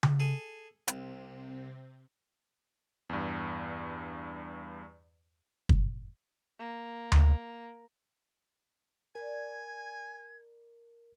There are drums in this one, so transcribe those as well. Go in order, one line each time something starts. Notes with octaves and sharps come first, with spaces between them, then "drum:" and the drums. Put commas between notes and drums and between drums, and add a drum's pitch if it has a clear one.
drum: tom C#3
G#4 A4 G#5
C2 C3 C4, drum: hi-hat
E2 G2
drum: kick
A#3
drum: tom D2
D4 A#4 B4 G#5 G#6